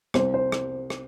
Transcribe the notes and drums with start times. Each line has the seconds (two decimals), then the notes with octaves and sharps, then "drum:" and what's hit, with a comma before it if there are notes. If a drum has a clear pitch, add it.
0.14 C2 C5, drum: rim click
0.34 C5
0.52 drum: rim click
0.90 drum: rim click